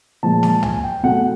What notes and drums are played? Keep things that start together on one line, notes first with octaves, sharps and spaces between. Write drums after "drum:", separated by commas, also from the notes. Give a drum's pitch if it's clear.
A#2 F3 G#3 A5
A5, drum: snare
G#5, drum: tom
G5
B2 F#3 A3 F#5